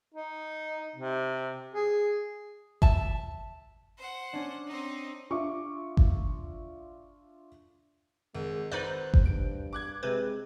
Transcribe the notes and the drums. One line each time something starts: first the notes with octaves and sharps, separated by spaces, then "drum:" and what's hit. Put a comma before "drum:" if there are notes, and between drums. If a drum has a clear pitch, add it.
D#4
C3
G#4
E5 A5, drum: kick G1
C5 F#5
C#4 D4
C4 D#4
D4 F4 E5 C#6 D6
drum: kick G1
G#1 G#3
G#1 D#4 B4 C5 D5 F#6 G6
drum: kick G1
G2 D7
D6 F#6 G#6
C3 G#3 C4 B4